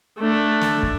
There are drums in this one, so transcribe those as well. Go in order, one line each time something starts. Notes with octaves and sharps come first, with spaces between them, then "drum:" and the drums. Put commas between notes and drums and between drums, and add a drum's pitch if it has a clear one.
A3 D4
drum: snare
drum: kick